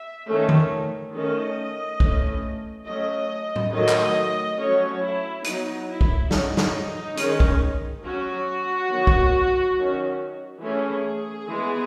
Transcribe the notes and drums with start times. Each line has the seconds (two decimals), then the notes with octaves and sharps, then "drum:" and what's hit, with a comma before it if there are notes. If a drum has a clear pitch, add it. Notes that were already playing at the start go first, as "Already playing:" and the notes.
Already playing: E5
0.28 D#3 A3 C#4
0.49 drum: tom D#3
1.13 D#3 A3 C#4 D#5
2.00 E3 A3 C#4, drum: kick
2.86 F#3 A3 C#4 D#5
3.56 drum: tom A2
3.72 D#3 F#3 A3 D#5
3.89 drum: clap
4.58 F#3 A3 C#4 C#5
5.02 E4
5.44 F#3 B3 D#4, drum: hi-hat
5.88 E4
6.01 drum: kick
6.31 F#3 C#4 D#4, drum: snare
6.57 drum: snare
7.17 D#3 G#3 C#4, drum: hi-hat
7.40 drum: kick
8.03 F#3 C#4 F#4
8.89 D#3 F#3 B3
9.07 drum: kick
9.76 D#3 F#3 C#4
10.61 E3 A3 C#4 G#4
11.48 E3 G#3 B3